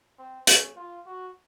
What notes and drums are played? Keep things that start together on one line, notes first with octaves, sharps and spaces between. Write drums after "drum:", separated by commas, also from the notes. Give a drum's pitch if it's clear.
C4
C#4, drum: hi-hat
F4
F#4